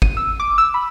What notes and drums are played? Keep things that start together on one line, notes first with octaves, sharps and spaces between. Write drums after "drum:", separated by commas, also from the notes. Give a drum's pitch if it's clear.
D#7, drum: kick
E6
D6
E6
B5